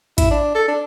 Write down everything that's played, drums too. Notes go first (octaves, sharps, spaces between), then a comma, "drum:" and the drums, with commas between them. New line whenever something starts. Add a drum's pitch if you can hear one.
E4, drum: kick A1, hi-hat
D4
A4
D4